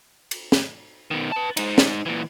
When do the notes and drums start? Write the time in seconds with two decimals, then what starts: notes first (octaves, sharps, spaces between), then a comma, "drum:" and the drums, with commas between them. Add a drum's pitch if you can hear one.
0.31 drum: cymbal
0.52 drum: snare
1.11 B2 D#3
1.32 B4 A5
1.57 G#3 D#4, drum: cymbal
1.78 drum: snare
2.06 A#2 E3